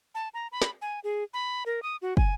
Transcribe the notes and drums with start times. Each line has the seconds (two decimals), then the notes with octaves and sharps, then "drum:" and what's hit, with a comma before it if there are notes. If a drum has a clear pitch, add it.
0.15 A5
0.34 A#5
0.52 B5
0.62 drum: snare
0.82 G#5
1.04 G#4
1.34 B5
1.66 A#4
1.83 D#6
2.02 F#4
2.17 G#5, drum: kick